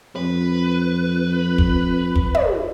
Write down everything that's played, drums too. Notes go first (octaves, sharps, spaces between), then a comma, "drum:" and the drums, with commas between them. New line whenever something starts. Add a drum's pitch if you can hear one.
F2 B4
drum: kick
drum: kick
drum: tom